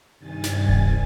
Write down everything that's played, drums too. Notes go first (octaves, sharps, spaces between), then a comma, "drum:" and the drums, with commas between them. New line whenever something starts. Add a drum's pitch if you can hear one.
G2 C3 D#3 G3 G#5 A6
drum: snare
drum: kick D#1